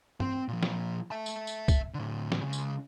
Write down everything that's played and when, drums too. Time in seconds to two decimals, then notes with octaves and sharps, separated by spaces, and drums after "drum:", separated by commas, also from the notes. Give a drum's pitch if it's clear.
0.20 C4, drum: tom G2
0.48 A#2 F3
0.63 drum: snare
1.11 E5 A5
1.26 drum: tambourine
1.47 drum: tambourine
1.68 drum: kick C2, tambourine
1.94 A2 D3
2.32 drum: snare
2.41 C#2 C#3
2.53 drum: tambourine